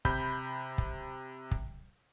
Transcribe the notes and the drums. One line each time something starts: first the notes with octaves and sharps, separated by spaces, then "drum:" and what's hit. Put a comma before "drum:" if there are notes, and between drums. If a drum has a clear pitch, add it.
C3 B5 G6, drum: kick
drum: kick
drum: kick